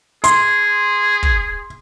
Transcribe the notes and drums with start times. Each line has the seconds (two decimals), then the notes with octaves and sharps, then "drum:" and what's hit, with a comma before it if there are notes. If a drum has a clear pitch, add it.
0.24 G#4 C6, drum: hi-hat
1.23 drum: kick